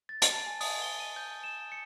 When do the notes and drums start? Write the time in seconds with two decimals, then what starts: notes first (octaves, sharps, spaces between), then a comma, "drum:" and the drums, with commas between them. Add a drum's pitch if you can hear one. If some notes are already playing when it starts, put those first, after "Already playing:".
0.09 A6
0.22 drum: hi-hat
0.34 A5
0.46 G#5
0.61 D#6, drum: open hi-hat
0.82 G7
1.00 D#7
1.16 G6
1.44 E7
1.72 C#7